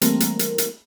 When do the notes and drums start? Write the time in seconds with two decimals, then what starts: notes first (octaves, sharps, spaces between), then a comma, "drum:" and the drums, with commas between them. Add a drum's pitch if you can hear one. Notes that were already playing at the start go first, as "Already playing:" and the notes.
0.02 E3 G3 A3 A#3 C4 A#4, drum: hi-hat
0.20 drum: hi-hat
0.39 drum: hi-hat
0.58 drum: hi-hat